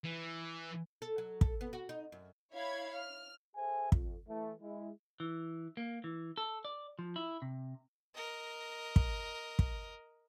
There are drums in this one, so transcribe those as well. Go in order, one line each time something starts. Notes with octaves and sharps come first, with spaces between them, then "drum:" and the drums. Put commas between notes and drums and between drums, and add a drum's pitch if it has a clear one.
E3
A4
F#3
A4, drum: kick
B3
F#4
D#4
F#2
E4 C#5 F5 B5 G#6
F6
G#4 A4 C5 E5 G#5
F2, drum: kick
E3 A3
G#3 E4
E3
A#3
E3
A4
D5
F3
E4
C3
A#4 D#5
drum: kick
drum: kick